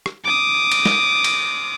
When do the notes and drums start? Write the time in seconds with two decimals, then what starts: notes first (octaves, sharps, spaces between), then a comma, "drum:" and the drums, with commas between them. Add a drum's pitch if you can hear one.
0.06 drum: rim click
0.24 D6 D#6
0.71 drum: cymbal
0.86 drum: snare
1.24 drum: cymbal